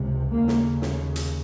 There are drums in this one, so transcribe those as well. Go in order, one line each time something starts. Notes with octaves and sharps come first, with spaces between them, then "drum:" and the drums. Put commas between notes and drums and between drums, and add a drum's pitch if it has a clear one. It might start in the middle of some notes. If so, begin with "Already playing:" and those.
Already playing: C#2 C3
D#2 C#3 A#3
drum: snare
drum: snare
drum: hi-hat